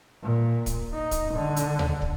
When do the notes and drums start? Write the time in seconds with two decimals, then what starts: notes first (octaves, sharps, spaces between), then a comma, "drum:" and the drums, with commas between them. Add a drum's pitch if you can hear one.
0.22 A#2
0.66 drum: kick, hi-hat
0.93 D#4
1.11 drum: kick, hi-hat
1.34 D3
1.56 drum: hi-hat
1.79 drum: tom D2
2.02 drum: kick